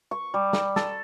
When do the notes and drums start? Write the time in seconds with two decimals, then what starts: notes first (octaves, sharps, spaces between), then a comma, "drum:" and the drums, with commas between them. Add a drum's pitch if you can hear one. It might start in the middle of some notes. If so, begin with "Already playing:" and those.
0.11 C#6
0.34 G3
0.53 B5, drum: snare
0.76 A4, drum: snare